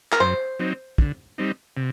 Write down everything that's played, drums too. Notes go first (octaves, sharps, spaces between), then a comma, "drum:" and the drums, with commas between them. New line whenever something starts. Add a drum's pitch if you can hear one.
A#4, drum: clap
F#2 C5
F#3 C4 D#4
D3, drum: kick
G3 C4 D#4
C3